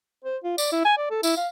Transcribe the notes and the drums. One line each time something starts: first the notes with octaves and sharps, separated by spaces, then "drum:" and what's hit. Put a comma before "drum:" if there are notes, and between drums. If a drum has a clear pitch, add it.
C5
F4
D5, drum: tambourine
E4
G#5
D5
A4
E4, drum: tambourine
F5